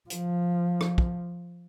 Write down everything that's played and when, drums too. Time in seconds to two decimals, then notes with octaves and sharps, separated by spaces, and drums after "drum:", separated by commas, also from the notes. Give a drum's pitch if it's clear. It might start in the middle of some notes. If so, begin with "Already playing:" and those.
0.10 F3, drum: hi-hat
0.81 drum: rim click
0.98 drum: kick